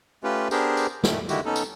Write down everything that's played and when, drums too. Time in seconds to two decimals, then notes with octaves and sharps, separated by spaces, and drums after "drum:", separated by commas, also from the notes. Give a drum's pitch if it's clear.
0.23 A3 C#4 F4 G4 B4
0.51 B3 D4 G4 G#4 A#4 C5, drum: tambourine
0.77 drum: tambourine
1.04 A#2 D#3 A3, drum: snare
1.29 D3 D#3 G#3 E4 F#4 G4, drum: tambourine
1.45 B3 C#4 D#4 A4
1.56 drum: tambourine